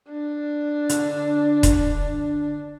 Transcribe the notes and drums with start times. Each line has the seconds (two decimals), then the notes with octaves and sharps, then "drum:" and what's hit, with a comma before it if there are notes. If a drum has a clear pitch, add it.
0.10 D4
0.89 D3, drum: hi-hat
1.63 drum: kick D#1, hi-hat